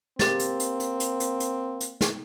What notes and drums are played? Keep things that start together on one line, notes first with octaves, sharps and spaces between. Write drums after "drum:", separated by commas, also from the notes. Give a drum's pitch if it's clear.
A#3 C4 G4 A6, drum: snare
drum: hi-hat
drum: hi-hat
drum: hi-hat
drum: hi-hat
drum: hi-hat
drum: hi-hat
drum: hi-hat
drum: snare